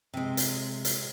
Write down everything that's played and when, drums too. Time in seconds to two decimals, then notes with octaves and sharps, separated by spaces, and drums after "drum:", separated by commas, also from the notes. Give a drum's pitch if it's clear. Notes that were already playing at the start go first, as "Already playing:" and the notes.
0.14 C3 G#3
0.37 drum: hi-hat
0.85 drum: hi-hat